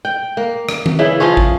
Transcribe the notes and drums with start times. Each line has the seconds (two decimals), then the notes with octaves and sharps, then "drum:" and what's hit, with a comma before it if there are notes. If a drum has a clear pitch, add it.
0.05 G5
0.37 A#3
0.69 drum: rim click
0.86 drum: tom D#3
0.99 C#3 E3 E4
1.20 F3 F4 G#4 C#5
1.37 drum: kick